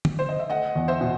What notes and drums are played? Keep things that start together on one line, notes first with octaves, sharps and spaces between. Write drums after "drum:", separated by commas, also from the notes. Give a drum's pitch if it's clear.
drum: tom
C5
D#5
E5
A3 D#5 F#5
E2
C5 E5
B2